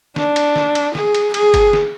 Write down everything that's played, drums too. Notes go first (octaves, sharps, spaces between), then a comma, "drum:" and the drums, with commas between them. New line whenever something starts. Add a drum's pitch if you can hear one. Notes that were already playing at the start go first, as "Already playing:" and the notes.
D4, drum: snare
drum: cymbal
drum: snare
drum: cymbal
G#4, drum: snare
drum: cymbal
G#4, drum: cymbal
drum: kick G1, cymbal
drum: snare